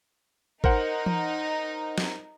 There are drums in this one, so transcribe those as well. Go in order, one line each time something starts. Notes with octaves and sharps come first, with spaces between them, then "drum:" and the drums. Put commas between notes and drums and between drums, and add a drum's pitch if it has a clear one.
D#4 A#4 C5 F#5, drum: kick G#1
drum: tom E3
drum: snare